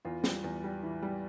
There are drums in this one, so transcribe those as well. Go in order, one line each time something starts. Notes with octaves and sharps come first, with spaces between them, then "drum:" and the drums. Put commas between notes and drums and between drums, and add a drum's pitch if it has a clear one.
E2 F4
G3, drum: snare
E2
G3
E3
G3